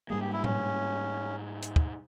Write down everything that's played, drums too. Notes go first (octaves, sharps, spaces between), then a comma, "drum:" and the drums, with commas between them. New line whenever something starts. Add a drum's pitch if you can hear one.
G#2 G3 A#3 G#4
G4
E4
C#4, drum: tom A2
drum: hi-hat
drum: kick